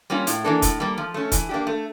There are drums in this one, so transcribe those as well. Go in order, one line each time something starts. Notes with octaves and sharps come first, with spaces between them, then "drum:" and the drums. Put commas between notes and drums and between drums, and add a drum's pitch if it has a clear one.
G3 A#3 C#4 F4
A2, drum: hi-hat
E3 A#3 D4 A4
A2, drum: kick, hi-hat
G3 A#3
F3
A3 C#4
E3, drum: kick, hi-hat
A#3 D4 G4
A3